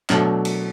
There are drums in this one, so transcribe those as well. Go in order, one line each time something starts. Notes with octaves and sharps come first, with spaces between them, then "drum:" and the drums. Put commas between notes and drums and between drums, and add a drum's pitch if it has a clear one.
B2 F#3 A3 D4, drum: clap
drum: cymbal